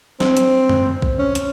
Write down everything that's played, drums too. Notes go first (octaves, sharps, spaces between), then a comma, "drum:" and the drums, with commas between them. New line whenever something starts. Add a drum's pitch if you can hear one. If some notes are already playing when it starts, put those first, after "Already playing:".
C4, drum: snare
drum: hi-hat
drum: tom
drum: kick B1
C#4
drum: hi-hat